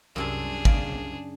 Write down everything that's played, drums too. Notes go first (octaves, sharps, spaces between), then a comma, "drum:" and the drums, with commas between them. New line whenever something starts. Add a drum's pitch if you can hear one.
C2 F#2 C3 D4 G#4 A5
C#3 D5, drum: kick G#1